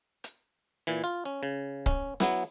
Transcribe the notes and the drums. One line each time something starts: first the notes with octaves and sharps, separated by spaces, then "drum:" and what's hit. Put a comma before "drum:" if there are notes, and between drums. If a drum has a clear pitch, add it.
drum: hi-hat
A#2 E3
F4
C#4
C#3
C#4, drum: kick C#1
F#3 B3 E4, drum: snare